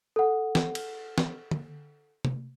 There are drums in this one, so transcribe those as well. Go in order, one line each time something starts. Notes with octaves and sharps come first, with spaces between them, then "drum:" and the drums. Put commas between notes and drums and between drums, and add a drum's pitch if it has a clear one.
A4 F#5
drum: snare
drum: cymbal
drum: snare
drum: tom D3
drum: tom C3